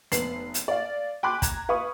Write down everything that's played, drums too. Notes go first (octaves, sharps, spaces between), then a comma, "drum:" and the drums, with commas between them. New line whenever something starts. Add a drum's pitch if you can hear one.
F1 B3 C7 F#7, drum: hi-hat
drum: hi-hat
D5 F5
G5 G#5 B5 C6 D6 F#6
A#5 G#6, drum: kick, hi-hat
B4 F5 B5 C#6 D#6